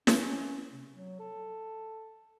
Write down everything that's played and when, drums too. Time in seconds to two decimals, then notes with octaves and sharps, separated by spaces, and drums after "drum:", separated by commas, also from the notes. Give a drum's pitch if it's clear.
0.07 C#4, drum: snare
0.72 C3
0.92 F#3
1.20 A4